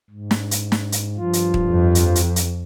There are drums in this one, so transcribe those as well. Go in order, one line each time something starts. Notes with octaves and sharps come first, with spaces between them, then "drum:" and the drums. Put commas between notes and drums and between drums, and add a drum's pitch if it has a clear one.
G#2
drum: snare
drum: hi-hat
drum: snare
drum: hi-hat
G2 F3 F4
drum: hi-hat
drum: kick D#1
F2
drum: hi-hat
drum: hi-hat
drum: hi-hat